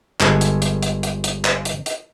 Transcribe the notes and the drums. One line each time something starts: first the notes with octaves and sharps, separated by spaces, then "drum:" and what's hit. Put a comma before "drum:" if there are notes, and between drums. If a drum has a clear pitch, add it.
G1 G#3 A4 G#5, drum: clap
drum: hi-hat
drum: hi-hat
drum: hi-hat
drum: hi-hat
drum: hi-hat
drum: clap
drum: hi-hat
drum: hi-hat